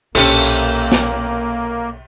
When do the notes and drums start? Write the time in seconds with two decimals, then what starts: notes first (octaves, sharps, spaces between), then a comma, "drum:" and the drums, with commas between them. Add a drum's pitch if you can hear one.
0.15 B1 A#2 A#3 C#4 G4 A4, drum: cymbal
0.41 drum: tambourine
0.92 drum: snare